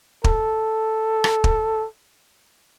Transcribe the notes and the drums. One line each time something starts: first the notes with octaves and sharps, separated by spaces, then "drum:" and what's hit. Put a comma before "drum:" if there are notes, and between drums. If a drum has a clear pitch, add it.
A4, drum: kick
drum: rim click
drum: kick